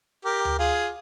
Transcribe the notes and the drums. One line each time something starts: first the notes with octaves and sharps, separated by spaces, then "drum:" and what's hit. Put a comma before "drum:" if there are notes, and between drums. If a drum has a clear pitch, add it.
G4 A#4
drum: tom D2
F4 G#4